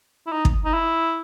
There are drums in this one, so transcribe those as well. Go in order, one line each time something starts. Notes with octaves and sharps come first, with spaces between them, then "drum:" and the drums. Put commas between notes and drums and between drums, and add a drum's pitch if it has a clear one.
E4
D#4
drum: kick
D#4
E4